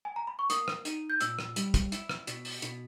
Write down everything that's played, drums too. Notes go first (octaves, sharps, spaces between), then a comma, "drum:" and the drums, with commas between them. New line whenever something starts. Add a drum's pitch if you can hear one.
G#5
A#5
B5
C#6
A#3 D#6, drum: hi-hat
drum: rim click
D#4, drum: hi-hat
G6
A#2 E6, drum: hi-hat
drum: rim click
G3, drum: hi-hat
drum: kick, hi-hat
E4, drum: hi-hat
drum: rim click
B2, drum: hi-hat
drum: open hi-hat
B2, drum: hi-hat